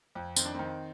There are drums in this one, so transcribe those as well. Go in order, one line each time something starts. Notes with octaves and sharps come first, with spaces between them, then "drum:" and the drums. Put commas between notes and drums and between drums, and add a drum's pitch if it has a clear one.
F2
D#3 C4, drum: tambourine
D4
D#3 C4